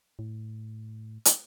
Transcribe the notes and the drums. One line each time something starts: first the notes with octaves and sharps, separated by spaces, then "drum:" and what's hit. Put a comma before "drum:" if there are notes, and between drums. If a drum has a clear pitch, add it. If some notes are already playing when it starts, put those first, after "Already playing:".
A2
drum: hi-hat